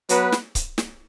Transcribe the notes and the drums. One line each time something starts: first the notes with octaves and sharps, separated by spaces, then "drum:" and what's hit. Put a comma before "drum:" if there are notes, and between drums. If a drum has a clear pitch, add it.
F#3 B3 B4, drum: hi-hat
drum: snare
drum: kick C#1, hi-hat
drum: snare